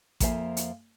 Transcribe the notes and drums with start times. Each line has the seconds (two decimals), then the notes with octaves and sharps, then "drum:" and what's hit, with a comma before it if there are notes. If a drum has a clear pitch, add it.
0.20 F2 F3 A#3 C5 E5 G#5, drum: kick A1, hi-hat
0.57 drum: hi-hat